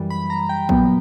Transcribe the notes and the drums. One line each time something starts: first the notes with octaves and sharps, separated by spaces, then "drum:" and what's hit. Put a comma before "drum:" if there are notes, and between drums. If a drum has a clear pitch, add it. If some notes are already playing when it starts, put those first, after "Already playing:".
Already playing: F#2 E3 G3
B5
A#5
G5
A#2 F#3 B3, drum: kick